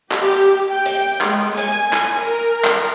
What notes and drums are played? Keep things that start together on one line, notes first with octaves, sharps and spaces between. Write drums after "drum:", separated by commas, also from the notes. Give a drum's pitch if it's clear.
G4, drum: clap
G5
drum: hi-hat
G#3, drum: clap
G#5, drum: hi-hat
drum: clap
A#4
drum: clap